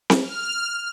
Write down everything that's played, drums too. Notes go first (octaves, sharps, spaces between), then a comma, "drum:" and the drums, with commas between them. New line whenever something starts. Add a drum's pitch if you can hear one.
drum: snare C4
F6